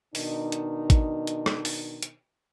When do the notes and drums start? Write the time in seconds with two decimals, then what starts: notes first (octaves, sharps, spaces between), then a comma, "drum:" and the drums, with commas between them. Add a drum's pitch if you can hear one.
0.15 B2 D#3 D4 D#4, drum: open hi-hat
0.52 drum: hi-hat
0.90 drum: kick G#1, hi-hat
1.27 drum: hi-hat
1.46 drum: rim click
1.65 drum: open hi-hat
2.02 drum: hi-hat